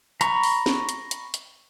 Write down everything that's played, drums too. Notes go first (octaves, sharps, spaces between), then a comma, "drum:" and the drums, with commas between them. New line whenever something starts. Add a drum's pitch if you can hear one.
A#5 B5 C#6, drum: hi-hat
drum: open hi-hat
drum: snare
drum: hi-hat
drum: hi-hat
drum: hi-hat